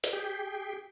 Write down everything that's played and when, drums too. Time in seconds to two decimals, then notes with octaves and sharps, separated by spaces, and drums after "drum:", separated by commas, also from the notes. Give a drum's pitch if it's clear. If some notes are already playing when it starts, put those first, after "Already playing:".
0.04 drum: hi-hat
0.13 G4 G#4 G5